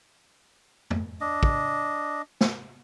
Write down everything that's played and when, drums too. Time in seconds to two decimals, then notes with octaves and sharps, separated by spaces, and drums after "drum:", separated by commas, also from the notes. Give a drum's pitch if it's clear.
0.90 drum: tom F2
1.21 D4 D#5
1.43 drum: kick
2.41 drum: snare